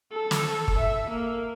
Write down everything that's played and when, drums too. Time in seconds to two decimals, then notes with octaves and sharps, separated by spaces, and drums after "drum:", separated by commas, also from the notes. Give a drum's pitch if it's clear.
0.12 A4
0.31 drum: snare
0.68 drum: kick
0.79 E5
1.10 A#3